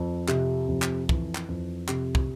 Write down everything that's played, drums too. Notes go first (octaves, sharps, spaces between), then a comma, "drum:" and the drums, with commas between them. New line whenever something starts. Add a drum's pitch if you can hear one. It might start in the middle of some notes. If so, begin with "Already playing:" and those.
Already playing: F2
C3, drum: clap
F2
drum: clap
E3, drum: kick
drum: clap
F2
C3, drum: clap
drum: kick